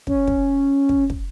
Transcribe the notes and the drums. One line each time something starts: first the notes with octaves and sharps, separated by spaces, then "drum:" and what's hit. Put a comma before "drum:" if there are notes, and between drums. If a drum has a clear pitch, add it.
C#4, drum: kick
drum: kick
drum: kick
drum: kick